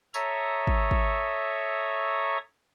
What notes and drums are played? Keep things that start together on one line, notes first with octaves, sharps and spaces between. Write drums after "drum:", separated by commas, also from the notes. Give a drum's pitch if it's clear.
A4 C#5 E5 A#5 C#6 D#6, drum: tambourine
drum: kick G#1
drum: kick G#1